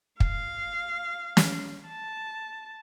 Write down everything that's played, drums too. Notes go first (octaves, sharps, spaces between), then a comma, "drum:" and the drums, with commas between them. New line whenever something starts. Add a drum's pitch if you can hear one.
F5, drum: kick
drum: snare
A5